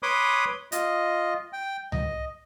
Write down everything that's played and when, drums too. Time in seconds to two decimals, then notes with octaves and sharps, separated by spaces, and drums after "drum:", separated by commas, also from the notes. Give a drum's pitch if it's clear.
0.03 B4 C#5 B5 C6 D6 D#6
0.72 F4 D#5, drum: hi-hat
1.53 G5
1.92 D#5, drum: tom C#2